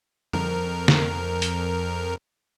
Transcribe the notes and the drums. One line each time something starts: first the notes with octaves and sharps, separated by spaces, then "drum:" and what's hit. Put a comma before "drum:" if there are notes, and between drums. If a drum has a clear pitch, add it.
F2 A#4, drum: tom
drum: snare
drum: hi-hat